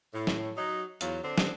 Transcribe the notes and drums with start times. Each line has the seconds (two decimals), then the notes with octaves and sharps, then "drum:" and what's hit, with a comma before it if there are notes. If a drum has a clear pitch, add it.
0.13 A2
0.27 drum: snare
0.56 F#3 D#4
1.01 E2 F#3 F4, drum: hi-hat
1.23 D3 C4 D4
1.38 drum: snare